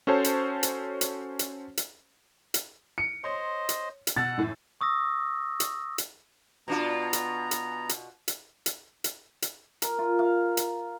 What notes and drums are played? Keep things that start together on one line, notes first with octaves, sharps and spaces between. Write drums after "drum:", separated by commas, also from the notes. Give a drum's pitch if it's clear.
C#4 F#4 A4 C5 C#5 A5
drum: hi-hat
drum: hi-hat
drum: hi-hat
drum: hi-hat
drum: hi-hat
drum: hi-hat
C#7 D7
C5 C#5 D#5 C6
drum: hi-hat
drum: hi-hat
B2 F#5 E6 A6
F#2 A2 E3
C#6 D#6 E6 A#6
drum: hi-hat
drum: hi-hat
B2 B3 D4 F4 A#5
drum: hi-hat
drum: hi-hat
drum: hi-hat
drum: hi-hat
drum: hi-hat
drum: hi-hat
drum: hi-hat
A#4, drum: hi-hat
F4
F5
drum: hi-hat